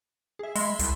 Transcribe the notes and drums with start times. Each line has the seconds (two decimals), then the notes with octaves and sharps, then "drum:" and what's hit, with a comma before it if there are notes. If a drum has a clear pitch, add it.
0.39 G#4 E5
0.55 G#3 E5 B5 C6, drum: open hi-hat
0.79 C2, drum: hi-hat